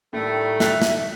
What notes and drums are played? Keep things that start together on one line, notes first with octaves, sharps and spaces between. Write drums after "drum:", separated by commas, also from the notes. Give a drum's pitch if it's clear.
A2 D#3 G3 A3
E5 F#6 B6 F7, drum: snare
drum: snare